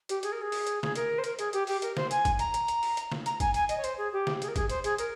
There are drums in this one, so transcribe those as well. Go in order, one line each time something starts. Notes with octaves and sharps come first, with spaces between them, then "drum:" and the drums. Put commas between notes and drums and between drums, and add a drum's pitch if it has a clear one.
G4, drum: hi-hat
G#4, drum: hi-hat
A#4
G#4
drum: open hi-hat
drum: hi-hat
G#4, drum: snare
A#4, drum: hi-hat
C5
A#4, drum: hi-hat
G#4, drum: hi-hat
G4, drum: hi-hat
G4, drum: open hi-hat
A#4, drum: hi-hat
C5, drum: snare
G#5, drum: hi-hat
drum: kick, hi-hat
A#5, drum: hi-hat
drum: hi-hat
drum: hi-hat
drum: open hi-hat
drum: hi-hat
drum: snare
A#5, drum: hi-hat
G#5, drum: kick, hi-hat
G#5, drum: hi-hat
D#5, drum: hi-hat
C#5
C5, drum: hi-hat
G#4
G4
drum: snare
G#4, drum: hi-hat
A#4
G#4, drum: kick, hi-hat
C5, drum: hi-hat
G#4, drum: hi-hat
A#4, drum: hi-hat